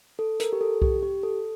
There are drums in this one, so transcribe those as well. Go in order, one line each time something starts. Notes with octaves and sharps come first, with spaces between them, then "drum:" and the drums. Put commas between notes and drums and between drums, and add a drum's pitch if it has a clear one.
A4
A#4, drum: hi-hat
G4
A4
G4, drum: kick C2
G4
A4